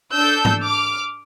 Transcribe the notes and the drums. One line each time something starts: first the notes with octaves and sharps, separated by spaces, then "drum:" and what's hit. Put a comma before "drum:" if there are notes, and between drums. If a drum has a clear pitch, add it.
D4 A4 E6 G6
drum: tom G#2
D6 F6